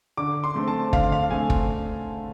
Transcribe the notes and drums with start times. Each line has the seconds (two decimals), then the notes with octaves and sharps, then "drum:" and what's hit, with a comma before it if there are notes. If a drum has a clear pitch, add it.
0.17 D3 D6
0.44 C6
0.56 A3 C4
0.68 A5
0.93 D3 F5, drum: kick
1.12 F5
1.30 A3 C4 G#5
1.50 drum: kick